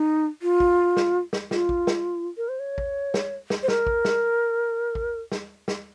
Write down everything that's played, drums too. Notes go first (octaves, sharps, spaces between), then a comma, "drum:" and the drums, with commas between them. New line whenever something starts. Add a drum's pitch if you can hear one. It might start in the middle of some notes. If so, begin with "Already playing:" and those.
Already playing: D#4
F4
drum: kick
drum: snare
drum: snare
F4, drum: snare
drum: kick
drum: snare
A#4
C5
C#5
drum: kick
drum: snare
drum: snare
C5
A#4, drum: snare
drum: kick
drum: snare
drum: kick
drum: snare
drum: snare